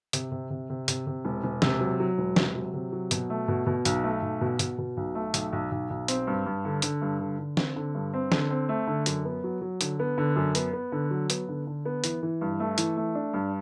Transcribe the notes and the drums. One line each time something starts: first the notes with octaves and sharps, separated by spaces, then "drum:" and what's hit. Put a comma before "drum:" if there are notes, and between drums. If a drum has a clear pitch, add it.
C3, drum: hi-hat
C3
C3
C3
C3, drum: hi-hat
C3
E1
E1
C3, drum: snare
F#3
F#3
E1
C3, drum: snare
F#3
C3
F#3
B2, drum: hi-hat
A3
B2
B2
B1, drum: hi-hat
A3
B1
B2
B2, drum: hi-hat
B2
B1
A3
B1, drum: hi-hat
B1
B1
B1
C4, drum: hi-hat
G2
G2
D3
D3, drum: hi-hat
G2
D3
D3
C4, drum: snare
D3
G2
C4
D3, drum: snare
C4
A3
D3
F#2, drum: hi-hat
B3
F#3
F#3
D3, drum: hi-hat
B3
D3
F#2
B3, drum: hi-hat
B3
D3
F#3
B3, drum: hi-hat
D3
D3
B3
E3, drum: hi-hat
E3
G2
A3
E3, drum: hi-hat
A3
D4
G2